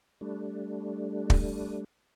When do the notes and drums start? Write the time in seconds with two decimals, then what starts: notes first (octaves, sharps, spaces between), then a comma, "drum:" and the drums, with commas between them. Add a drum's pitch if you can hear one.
0.21 G3 A3 D4
1.30 drum: kick